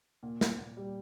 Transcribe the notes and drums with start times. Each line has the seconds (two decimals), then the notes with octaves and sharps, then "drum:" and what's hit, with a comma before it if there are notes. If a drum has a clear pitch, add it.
0.23 A#2
0.41 A#2, drum: snare
0.59 A#2
0.77 G3